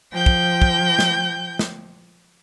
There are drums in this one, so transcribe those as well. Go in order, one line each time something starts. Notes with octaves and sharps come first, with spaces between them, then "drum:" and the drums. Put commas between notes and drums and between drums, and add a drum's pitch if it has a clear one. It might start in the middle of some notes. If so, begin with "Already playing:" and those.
F3 G5 G6
drum: kick
drum: kick
drum: snare
drum: snare